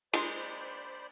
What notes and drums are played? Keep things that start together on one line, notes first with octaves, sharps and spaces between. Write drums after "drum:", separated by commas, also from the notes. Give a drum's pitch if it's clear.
G#3 D#4 C5 D5 B5, drum: cymbal